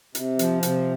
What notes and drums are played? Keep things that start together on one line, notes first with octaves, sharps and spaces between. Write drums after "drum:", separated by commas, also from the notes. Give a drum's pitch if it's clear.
C3, drum: hi-hat
F3, drum: hi-hat
C3, drum: hi-hat